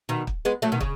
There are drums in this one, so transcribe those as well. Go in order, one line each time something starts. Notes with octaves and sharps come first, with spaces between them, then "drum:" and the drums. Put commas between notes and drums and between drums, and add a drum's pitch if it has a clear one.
B2 D#3
drum: kick
G#3 B3
F#3 A3
B2 D#3
C#3, drum: kick